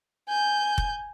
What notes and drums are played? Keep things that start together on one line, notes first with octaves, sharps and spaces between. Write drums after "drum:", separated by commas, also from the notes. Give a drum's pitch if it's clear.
G#5 G6
drum: kick F1